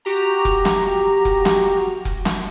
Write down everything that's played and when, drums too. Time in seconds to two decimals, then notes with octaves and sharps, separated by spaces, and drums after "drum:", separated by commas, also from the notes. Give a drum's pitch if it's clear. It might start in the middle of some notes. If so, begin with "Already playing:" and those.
0.05 F#4 G4 A#5
0.45 drum: kick F1
0.65 drum: snare
1.25 drum: kick F1
1.45 drum: snare
2.05 drum: kick F1
2.25 drum: snare